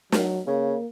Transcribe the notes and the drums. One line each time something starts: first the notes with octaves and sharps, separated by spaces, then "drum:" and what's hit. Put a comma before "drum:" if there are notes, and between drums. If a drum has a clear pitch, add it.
F#3, drum: snare
C#3 A#3